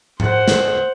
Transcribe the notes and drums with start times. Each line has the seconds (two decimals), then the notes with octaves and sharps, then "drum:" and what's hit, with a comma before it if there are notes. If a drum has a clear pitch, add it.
0.20 C5 F#5, drum: tom G#2
0.48 drum: snare